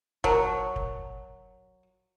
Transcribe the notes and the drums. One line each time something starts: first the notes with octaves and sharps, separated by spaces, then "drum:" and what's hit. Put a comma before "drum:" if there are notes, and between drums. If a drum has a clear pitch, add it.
F#3 A#4 A5 A#5, drum: kick
drum: kick